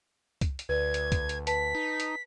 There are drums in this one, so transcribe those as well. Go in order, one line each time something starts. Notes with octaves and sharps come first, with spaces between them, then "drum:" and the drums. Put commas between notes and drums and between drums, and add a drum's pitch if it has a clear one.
drum: kick C2, hi-hat
drum: hi-hat
D2 B4 D5 G#6
drum: hi-hat
drum: kick C2, hi-hat
drum: hi-hat
B4 A5 B6, drum: hi-hat
D#4
drum: hi-hat